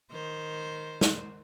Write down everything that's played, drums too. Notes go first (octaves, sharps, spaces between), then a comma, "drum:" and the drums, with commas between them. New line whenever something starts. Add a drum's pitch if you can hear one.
D#3 C5
drum: snare